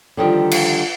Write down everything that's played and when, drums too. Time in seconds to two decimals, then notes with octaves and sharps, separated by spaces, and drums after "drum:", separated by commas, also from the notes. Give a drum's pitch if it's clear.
0.17 D3 D#3 F3 G3
0.51 drum: cymbal